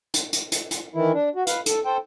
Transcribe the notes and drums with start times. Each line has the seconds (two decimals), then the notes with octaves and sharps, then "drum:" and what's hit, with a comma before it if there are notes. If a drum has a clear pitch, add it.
0.14 drum: hi-hat
0.33 drum: hi-hat
0.52 drum: hi-hat
0.71 drum: hi-hat
0.94 D#3 E3 E4
1.13 D4
1.35 F#4
1.47 B4 F5, drum: hi-hat
1.66 A4, drum: hi-hat
1.85 A4 C5 G5